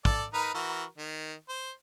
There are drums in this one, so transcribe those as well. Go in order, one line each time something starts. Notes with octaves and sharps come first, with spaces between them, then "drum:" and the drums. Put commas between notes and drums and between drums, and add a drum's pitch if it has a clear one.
A4 D5, drum: kick
D#4 A#4 B4
E3 F#4 A#4
D#3
C5